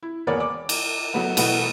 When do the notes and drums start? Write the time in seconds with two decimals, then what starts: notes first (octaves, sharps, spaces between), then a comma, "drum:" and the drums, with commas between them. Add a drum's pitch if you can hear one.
0.03 E4
0.27 E1 A#3 B3 A#4 C#5 D5
0.40 D6
0.69 drum: cymbal
1.14 F#3 A3 B3
1.37 B2 E3 A3 B3 F#4, drum: cymbal